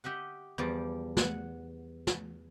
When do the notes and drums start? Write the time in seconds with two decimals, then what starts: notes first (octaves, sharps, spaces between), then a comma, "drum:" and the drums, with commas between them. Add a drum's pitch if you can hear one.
0.04 G4 D#5 E5 F#5
0.58 E2 F3 G3 D5
1.17 F#5, drum: snare
2.07 drum: snare